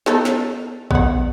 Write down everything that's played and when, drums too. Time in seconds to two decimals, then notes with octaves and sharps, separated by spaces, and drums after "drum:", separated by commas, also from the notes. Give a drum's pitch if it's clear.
0.06 B3 D#4 A4, drum: snare
0.25 drum: snare
0.91 B3 F#5, drum: kick A#1